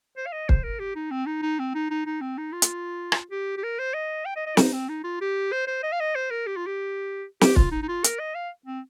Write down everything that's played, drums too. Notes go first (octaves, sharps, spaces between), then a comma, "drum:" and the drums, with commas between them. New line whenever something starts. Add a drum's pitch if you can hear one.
C5
F5
D#5
C5, drum: kick
A#4
G4
D#4
C4
D#4
D#4
C4
D#4
D#4
D#4
C4
D#4
F4
drum: hi-hat
drum: rim click
G4
G4
A#4
C5
D#5
G5
D#5
D#5
D#4, drum: snare
C4
D#4
F4
G4
C5
C5
D#5
F5
D#5
C5
A#4
G4
F4
G4
G4, drum: snare
F4, drum: kick
D#4
D#4
F4
A#4, drum: hi-hat
D#5
F5
C4